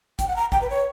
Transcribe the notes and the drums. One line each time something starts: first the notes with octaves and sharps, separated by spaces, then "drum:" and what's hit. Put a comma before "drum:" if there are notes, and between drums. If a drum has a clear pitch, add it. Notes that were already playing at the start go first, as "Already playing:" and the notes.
G5, drum: kick, hi-hat
F#5
A#5
G5, drum: kick
B4
C#5